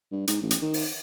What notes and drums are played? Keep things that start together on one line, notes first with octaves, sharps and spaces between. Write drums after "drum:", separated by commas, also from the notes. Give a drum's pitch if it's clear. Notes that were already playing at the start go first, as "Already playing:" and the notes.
G2
G#2, drum: hi-hat
A1
drum: hi-hat
D#3
drum: open hi-hat